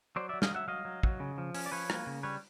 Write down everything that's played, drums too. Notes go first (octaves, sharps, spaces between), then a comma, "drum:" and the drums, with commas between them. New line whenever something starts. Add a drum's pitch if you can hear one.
F#3 C5 D5
D5 E5
F#3
D#5 F5, drum: snare
F#3 E5 F#5
F#3 D#5 F5
F#3
F#3, drum: kick
C#3
F3
C#4, drum: open hi-hat
D5
F3 B4 C#5
A#3, drum: rim click
C#3
G3 B4 C#5